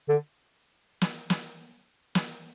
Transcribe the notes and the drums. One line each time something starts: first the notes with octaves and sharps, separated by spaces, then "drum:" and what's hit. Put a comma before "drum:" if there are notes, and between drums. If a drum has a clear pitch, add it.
D3
drum: snare
drum: snare
drum: snare